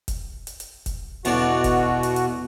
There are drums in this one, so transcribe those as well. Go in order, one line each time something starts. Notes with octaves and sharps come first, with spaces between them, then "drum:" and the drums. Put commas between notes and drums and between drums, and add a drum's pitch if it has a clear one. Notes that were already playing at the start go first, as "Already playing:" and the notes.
drum: kick, hi-hat
drum: hi-hat
drum: hi-hat
drum: kick, hi-hat
E2 B2 D3 F#4 D5, drum: hi-hat
drum: kick, hi-hat
drum: hi-hat
drum: hi-hat